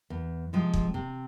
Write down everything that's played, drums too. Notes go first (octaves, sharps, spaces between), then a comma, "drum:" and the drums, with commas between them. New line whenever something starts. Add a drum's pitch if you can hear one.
E2
C3 F3 G#3
drum: kick
C3